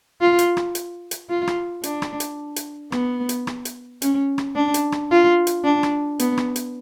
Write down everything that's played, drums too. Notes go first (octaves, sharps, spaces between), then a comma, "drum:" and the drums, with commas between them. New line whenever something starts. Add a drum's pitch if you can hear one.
F4
drum: hi-hat
drum: rim click
drum: hi-hat
drum: hi-hat
F4
drum: rim click
D4, drum: hi-hat
drum: rim click
drum: hi-hat
drum: hi-hat
B3, drum: rim click
drum: hi-hat
drum: rim click
drum: hi-hat
C#4, drum: hi-hat
drum: rim click
D4
drum: hi-hat
drum: rim click
F4
drum: hi-hat
D4
drum: rim click
B3, drum: hi-hat
drum: rim click
drum: hi-hat